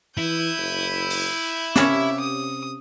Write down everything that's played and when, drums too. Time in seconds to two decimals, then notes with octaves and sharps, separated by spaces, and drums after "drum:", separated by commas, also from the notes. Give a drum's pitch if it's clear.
0.18 E3 E4 G6 D#7
0.58 F#1
1.10 drum: open hi-hat
1.76 C3 A#3 C#4 G4 C#5 E5, drum: snare
2.20 D#6